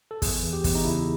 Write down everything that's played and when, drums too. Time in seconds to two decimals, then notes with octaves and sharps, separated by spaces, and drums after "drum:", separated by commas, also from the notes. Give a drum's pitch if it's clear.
0.11 A4
0.22 E2 G#4, drum: kick, open hi-hat
0.43 E3
0.53 G4
0.64 E2, drum: kick, open hi-hat
0.75 D#4
0.85 C#3 E4